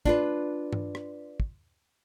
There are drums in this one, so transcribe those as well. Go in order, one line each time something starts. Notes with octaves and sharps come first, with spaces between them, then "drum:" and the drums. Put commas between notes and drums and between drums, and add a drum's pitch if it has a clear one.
D4 F4 B4, drum: kick
drum: tom G2
drum: rim click
drum: kick